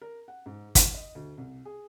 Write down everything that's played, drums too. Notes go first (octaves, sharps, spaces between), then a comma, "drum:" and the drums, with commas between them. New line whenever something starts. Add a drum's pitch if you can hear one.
A#4
F#5
G#2
E3, drum: kick, hi-hat
D#5
D2
C2
G#4